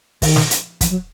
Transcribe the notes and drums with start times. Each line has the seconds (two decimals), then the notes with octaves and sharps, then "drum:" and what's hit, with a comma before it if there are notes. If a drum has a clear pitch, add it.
0.22 D#3, drum: kick, open hi-hat
0.36 drum: snare
0.51 drum: hi-hat
0.81 F3, drum: kick, hi-hat
0.90 F#3